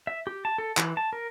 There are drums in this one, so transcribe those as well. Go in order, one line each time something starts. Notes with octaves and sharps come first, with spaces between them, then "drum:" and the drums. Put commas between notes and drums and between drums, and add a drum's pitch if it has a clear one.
E5
G4
A5
A4
E3, drum: clap
A5
A#4